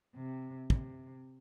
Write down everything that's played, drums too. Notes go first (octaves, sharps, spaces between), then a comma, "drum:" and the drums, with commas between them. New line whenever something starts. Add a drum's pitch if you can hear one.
C3
C3, drum: kick